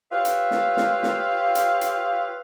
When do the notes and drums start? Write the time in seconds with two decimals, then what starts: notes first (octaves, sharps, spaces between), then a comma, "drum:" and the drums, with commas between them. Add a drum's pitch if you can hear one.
0.12 F4 G4 B4 C#5 E5 F5
0.25 drum: hi-hat
0.51 drum: snare
0.77 drum: snare
1.03 drum: snare
1.55 drum: hi-hat
1.81 drum: hi-hat